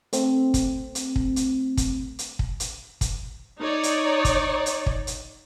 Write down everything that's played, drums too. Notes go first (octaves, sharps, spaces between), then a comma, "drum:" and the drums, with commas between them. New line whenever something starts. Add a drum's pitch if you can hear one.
A3 C4, drum: hi-hat
drum: kick, hi-hat
drum: hi-hat
drum: kick
drum: hi-hat
drum: kick, hi-hat
drum: hi-hat
drum: kick
drum: hi-hat
drum: kick, hi-hat
D#4 C#5 D5
drum: hi-hat
drum: kick, hi-hat
drum: hi-hat
drum: kick
drum: hi-hat